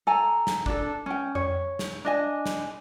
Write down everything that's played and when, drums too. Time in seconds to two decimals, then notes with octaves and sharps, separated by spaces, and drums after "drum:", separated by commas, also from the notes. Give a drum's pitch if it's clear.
0.07 A4 G#5 A#5
0.47 drum: snare
0.66 D4 A4, drum: kick
1.06 C#4 G5
1.35 C#5, drum: tom F2
1.79 drum: snare
2.05 D4 D#5 G#5
2.46 drum: snare